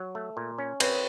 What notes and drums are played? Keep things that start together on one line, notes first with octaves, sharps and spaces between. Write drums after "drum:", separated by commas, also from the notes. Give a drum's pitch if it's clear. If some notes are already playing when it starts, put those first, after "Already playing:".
Already playing: F#3
A3
A#2
C#4
C4 B4 C#5, drum: cymbal